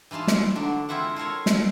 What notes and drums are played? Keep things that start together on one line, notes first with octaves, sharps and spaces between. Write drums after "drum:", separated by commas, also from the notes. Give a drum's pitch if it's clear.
E3 D#4 F4 F5 A5
drum: snare
D3 F#3 D4
G#3 C4 E4 F4 E5 F#5
F4 A4 A#4 C#5
drum: snare